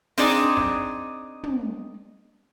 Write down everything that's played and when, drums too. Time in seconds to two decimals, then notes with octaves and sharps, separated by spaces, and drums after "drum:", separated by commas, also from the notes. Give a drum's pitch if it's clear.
0.18 C4 D4 D#4 G#4 D5, drum: open hi-hat
0.57 drum: snare
1.43 drum: tom